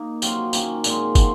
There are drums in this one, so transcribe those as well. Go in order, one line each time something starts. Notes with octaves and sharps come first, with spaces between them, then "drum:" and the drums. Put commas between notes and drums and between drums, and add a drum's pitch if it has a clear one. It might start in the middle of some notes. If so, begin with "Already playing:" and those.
Already playing: A#3 D#4
C3 F#3 C4 F4, drum: tambourine
D#3 A#3 C#4, drum: tambourine
A#2 G#3 C4, drum: tambourine
F3 C4 F#4, drum: kick, tambourine